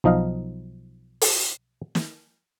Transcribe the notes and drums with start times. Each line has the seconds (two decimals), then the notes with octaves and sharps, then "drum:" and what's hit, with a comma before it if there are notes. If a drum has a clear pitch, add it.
0.04 B1 F3 D#4 D#5 F5
1.21 drum: open hi-hat
1.95 drum: snare